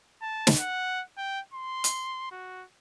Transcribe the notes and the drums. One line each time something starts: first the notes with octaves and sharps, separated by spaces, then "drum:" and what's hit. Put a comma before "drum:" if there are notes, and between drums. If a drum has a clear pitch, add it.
A5
drum: snare
F#5
G5
C6
drum: hi-hat
F#4